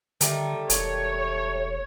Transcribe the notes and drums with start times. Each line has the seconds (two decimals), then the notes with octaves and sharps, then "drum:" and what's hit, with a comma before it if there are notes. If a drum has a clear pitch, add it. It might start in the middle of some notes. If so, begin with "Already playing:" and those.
0.21 D3 D#3 G3 A3, drum: hi-hat
0.70 E1 C#5, drum: hi-hat